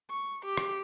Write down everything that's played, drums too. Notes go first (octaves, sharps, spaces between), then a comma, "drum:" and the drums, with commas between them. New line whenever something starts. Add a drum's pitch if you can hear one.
C#6
G4
drum: rim click